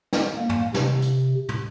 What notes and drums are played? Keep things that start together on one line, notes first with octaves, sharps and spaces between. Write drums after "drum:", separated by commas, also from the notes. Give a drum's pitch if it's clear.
drum: snare
A#3
drum: tom
C3, drum: snare
drum: hi-hat
drum: tom